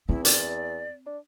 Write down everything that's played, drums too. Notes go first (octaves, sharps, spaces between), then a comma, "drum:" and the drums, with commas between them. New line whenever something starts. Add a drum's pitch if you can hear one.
E2 C4 E4
D5, drum: hi-hat
D4